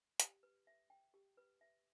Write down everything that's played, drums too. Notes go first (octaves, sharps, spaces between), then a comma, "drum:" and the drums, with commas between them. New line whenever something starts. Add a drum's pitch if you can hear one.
G4, drum: hi-hat
B4
E5
G5
G4
B4
E5